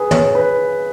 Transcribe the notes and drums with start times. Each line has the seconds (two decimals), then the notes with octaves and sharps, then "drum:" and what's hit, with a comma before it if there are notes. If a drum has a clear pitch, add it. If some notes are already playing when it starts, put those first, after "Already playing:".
Already playing: G#4 B4
0.11 C#5, drum: tom
0.35 B4